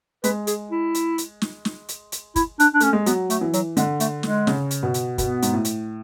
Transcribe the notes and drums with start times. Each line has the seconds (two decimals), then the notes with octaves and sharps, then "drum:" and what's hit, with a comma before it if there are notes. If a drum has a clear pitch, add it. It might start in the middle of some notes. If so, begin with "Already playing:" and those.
0.24 G#3 B4, drum: hi-hat
0.47 G#4, drum: hi-hat
0.71 E4
0.95 drum: hi-hat
1.18 drum: hi-hat
1.42 drum: snare
1.65 drum: snare
1.89 drum: hi-hat
2.12 drum: hi-hat
2.36 E4, drum: kick, hi-hat
2.60 D4, drum: hi-hat
2.74 D4
2.80 A3 C#4, drum: hi-hat
2.93 G#3
3.06 F#3 B3, drum: hi-hat
3.30 A3, drum: hi-hat
3.41 E3
3.53 F#3, drum: hi-hat
3.77 D3 G#3, drum: hi-hat
4.00 A3, drum: hi-hat
4.23 G#3, drum: snare
4.47 C#3, drum: snare
4.71 drum: hi-hat
4.83 B2
4.94 drum: hi-hat
5.18 B2 B3, drum: kick, hi-hat
5.42 G#2, drum: hi-hat
5.53 A2
5.65 drum: hi-hat